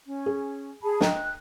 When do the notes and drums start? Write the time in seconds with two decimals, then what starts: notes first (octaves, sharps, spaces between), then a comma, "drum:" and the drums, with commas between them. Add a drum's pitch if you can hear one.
0.06 C#4
0.26 G#4
0.83 G#4 A5 B5
1.01 D#5 G5 A#5 F#6, drum: snare